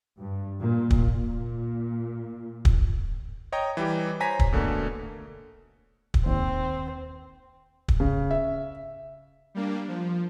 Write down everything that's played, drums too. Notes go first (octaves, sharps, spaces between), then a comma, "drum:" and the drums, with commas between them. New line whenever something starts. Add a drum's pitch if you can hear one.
G2
A#2
drum: kick
A#2
drum: kick
C#5 D#5 G5 A#5
E3 G3 G4
C5 C#5 G#5 A#5 A#6 B6
drum: kick
B2 D3 A3 A#3
drum: kick
D#2 C4
drum: kick
C#3
E5
G3 A#3 D4
F3